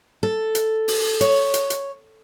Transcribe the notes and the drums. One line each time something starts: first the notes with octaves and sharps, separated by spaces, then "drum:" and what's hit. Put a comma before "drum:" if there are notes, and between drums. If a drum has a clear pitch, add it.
A4
drum: hi-hat
drum: open hi-hat
C#5, drum: hi-hat
drum: hi-hat
drum: hi-hat